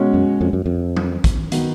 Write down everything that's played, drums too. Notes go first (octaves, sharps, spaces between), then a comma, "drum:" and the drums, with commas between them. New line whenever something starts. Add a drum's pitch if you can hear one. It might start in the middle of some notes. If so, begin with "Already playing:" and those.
Already playing: B2 G#3 C#4 F#4 C#5
F#2
F2
F#2
F2
drum: tom F#3
drum: kick, hi-hat
D#3 F#3 B3, drum: hi-hat